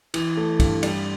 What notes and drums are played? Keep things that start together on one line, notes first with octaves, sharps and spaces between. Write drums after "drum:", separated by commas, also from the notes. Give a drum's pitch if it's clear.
E3, drum: cymbal
A3
G2, drum: kick, cymbal
G3, drum: cymbal